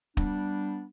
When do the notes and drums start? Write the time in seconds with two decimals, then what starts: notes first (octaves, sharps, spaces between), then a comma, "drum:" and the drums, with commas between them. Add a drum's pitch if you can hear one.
0.17 G3 B3 D4, drum: kick